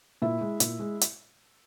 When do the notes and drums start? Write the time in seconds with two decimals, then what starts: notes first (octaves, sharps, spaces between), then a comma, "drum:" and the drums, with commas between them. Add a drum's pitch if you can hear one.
0.22 A#2 E4 E5
0.41 G#3
0.60 A#2, drum: hi-hat
0.79 G#3
1.01 drum: hi-hat